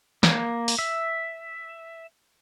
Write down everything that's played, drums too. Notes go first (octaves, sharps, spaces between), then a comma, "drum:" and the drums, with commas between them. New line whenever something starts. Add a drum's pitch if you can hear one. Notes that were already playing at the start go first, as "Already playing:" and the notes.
A#3, drum: snare
drum: open hi-hat
E5